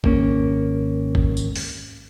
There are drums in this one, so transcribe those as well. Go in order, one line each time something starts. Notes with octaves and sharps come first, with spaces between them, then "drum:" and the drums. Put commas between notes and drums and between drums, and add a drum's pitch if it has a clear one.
G#1 A#3 C#4, drum: kick
drum: kick
drum: tambourine
drum: open hi-hat